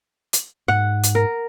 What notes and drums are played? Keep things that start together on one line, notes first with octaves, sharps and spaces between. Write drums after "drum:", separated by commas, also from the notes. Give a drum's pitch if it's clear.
drum: hi-hat
G#2 F#5
drum: hi-hat
A#4